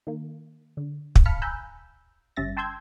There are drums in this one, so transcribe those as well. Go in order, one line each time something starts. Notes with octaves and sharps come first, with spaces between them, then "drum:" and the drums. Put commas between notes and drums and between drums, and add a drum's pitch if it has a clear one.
D#3 A#3
D3
drum: kick
F5 A5 B5 F6 B6 C#7
G#5 A#5 B5 E6 F#6 G6
G1 G3 C#4 E5 A6 A#6
G5 A5 C6 E6 G6 G#6